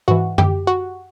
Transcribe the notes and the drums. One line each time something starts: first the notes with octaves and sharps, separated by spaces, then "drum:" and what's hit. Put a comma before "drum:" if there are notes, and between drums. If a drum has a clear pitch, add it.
G#2 E3 F#4
G4, drum: tom F#2
F#4